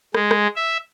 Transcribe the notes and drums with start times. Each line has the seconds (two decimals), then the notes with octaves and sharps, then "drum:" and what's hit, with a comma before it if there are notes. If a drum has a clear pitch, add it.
0.14 G#3, drum: rim click
0.31 drum: rim click
0.56 E5